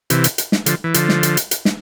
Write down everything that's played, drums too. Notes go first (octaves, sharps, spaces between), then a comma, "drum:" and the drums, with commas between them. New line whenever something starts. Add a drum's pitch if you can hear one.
C3 E3, drum: hi-hat
drum: hi-hat
drum: hi-hat
drum: snare
D3 F3, drum: hi-hat
E3
D3 F3, drum: hi-hat
drum: snare
drum: hi-hat
drum: hi-hat
drum: hi-hat
drum: snare